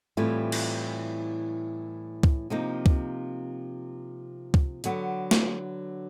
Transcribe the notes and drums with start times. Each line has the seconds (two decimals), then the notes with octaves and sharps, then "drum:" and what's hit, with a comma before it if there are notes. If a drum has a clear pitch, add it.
0.17 A2 E3 G3 C4 F4
0.52 drum: cymbal
2.23 drum: kick C#2
2.50 C3 F3 A#3 D#4
2.86 drum: kick C#2
4.54 drum: kick C#2
4.84 D3 F#3 B3, drum: hi-hat
5.31 drum: snare